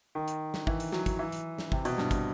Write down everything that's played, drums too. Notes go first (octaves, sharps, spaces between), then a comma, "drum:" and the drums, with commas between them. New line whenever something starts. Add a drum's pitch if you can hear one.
D#3
drum: hi-hat
drum: snare
E3, drum: kick
drum: hi-hat
F#3, drum: snare
drum: kick, hi-hat
E3
drum: hi-hat
drum: snare
C3, drum: kick
B2, drum: hi-hat
G2, drum: snare
drum: kick, hi-hat